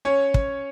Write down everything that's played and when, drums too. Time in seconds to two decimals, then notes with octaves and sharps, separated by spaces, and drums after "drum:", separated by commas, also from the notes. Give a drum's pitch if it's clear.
0.05 C#4 C#5
0.34 drum: kick